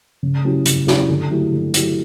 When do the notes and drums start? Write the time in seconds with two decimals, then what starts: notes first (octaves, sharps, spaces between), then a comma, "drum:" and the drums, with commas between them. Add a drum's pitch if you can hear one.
0.23 C#3
0.44 F#3 C#4 E4 G4
0.66 C#3, drum: hi-hat
0.87 F#3 C#4 E4 G4, drum: snare
1.09 D3
1.30 F#3 A3 E4 G4
1.53 D3
1.74 F#3 A3 E4 G4, drum: hi-hat